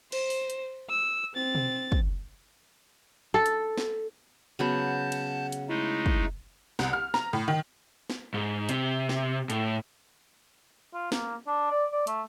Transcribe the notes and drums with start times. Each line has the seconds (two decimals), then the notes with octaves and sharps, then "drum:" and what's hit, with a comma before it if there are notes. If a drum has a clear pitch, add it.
0.12 C5, drum: cymbal
0.30 drum: open hi-hat
0.50 drum: hi-hat
0.89 E6
1.35 C4 A6
1.55 drum: tom B2
1.92 drum: kick
3.34 A4
3.46 drum: hi-hat
3.78 drum: snare
4.59 C#3 F#3 B3 F#5 A5 G6
5.12 drum: cymbal
5.52 drum: hi-hat
5.69 G#3 A3 D#4 E4
6.06 drum: kick
6.79 C2, drum: snare
6.93 F6
7.14 A#5, drum: snare
7.33 A2
7.48 D#3
8.10 drum: snare
8.34 G#2
8.69 C3, drum: hi-hat
9.09 drum: snare
9.50 A2, drum: hi-hat
10.94 F4
11.12 A#3, drum: snare
11.47 D4
11.71 D5
11.93 D5
12.07 A3, drum: hi-hat